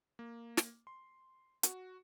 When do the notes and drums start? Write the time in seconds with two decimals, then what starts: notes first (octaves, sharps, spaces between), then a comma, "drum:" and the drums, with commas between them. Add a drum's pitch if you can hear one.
0.19 A#3
0.57 drum: snare
0.87 C6
1.63 F#4, drum: hi-hat